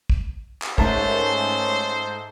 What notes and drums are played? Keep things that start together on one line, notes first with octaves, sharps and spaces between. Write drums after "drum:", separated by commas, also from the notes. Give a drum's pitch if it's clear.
drum: kick
drum: clap
G#2 A3 C#4 D#4 A4 A#4 C5 A5, drum: kick